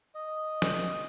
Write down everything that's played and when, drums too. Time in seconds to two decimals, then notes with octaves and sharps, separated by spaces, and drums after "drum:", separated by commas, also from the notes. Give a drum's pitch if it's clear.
0.15 D#5
0.62 drum: snare